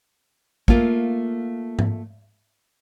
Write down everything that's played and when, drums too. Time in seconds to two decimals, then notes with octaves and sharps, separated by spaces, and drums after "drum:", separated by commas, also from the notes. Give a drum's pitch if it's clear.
0.68 A3 A#3 F4, drum: kick
1.79 drum: tom G#2